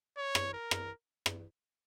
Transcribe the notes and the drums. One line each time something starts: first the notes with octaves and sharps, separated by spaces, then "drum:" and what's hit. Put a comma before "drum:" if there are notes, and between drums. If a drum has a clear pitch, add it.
C#5
drum: rim click
A#4
drum: rim click
drum: rim click